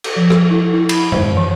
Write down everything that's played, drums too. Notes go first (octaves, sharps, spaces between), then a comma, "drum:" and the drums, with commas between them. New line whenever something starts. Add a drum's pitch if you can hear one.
drum: cymbal
F3
A4, drum: rim click
E4
E4
B5, drum: cymbal
C5, drum: tom F#2
E3